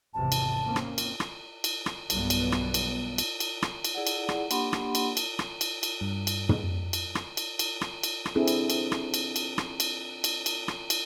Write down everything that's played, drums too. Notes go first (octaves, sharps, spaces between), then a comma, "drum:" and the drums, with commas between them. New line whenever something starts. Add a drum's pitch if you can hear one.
G#1 E2 C3 A5
drum: cymbal
A#3 C4 C#4
drum: rim click
drum: cymbal
drum: rim click
drum: cymbal
drum: rim click
B1 G2 B3, drum: cymbal
drum: cymbal
drum: rim click
drum: cymbal
drum: cymbal
drum: cymbal
drum: rim click
drum: cymbal
E4 G#4 D5 F#5
drum: cymbal
drum: rim click
A#3 D4 G4 F#5 B5 C6, drum: cymbal
drum: rim click
drum: cymbal
drum: cymbal
drum: rim click
drum: cymbal
drum: cymbal
G2
drum: cymbal
drum: tom
drum: cymbal
drum: rim click
drum: cymbal
drum: cymbal
drum: rim click
drum: cymbal
drum: rim click
C4 D4 E4 G#4 A4
drum: cymbal
drum: cymbal
drum: rim click
drum: cymbal
drum: cymbal
drum: rim click
drum: cymbal
drum: cymbal
drum: cymbal
drum: rim click
drum: cymbal